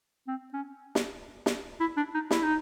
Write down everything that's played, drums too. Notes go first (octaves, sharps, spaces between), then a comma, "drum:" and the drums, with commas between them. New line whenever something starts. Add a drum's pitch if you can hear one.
C4
C#4
drum: snare
drum: snare
E4
D4
D#4
E4, drum: snare
D#4